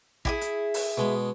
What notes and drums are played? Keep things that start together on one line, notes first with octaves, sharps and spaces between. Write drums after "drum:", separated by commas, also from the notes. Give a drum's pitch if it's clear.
E4 G4 G#4, drum: kick A1
drum: hi-hat
drum: open hi-hat
B2 G#3